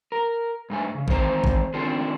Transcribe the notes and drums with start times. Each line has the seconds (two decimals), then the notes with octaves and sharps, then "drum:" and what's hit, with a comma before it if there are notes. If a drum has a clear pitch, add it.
0.12 A#4
0.70 G2 A3 G#5
0.95 C#3
1.08 D#3 E3 C4 C5 A#5, drum: kick A1
1.44 drum: kick A1
1.74 D#3 C4 D4 F4 G#4 A4